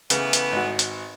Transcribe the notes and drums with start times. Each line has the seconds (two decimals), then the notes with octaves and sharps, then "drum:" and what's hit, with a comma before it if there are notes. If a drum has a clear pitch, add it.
0.10 C#3 E3 A3 B3, drum: hi-hat
0.33 drum: hi-hat
0.52 G#1 F#4
0.79 drum: hi-hat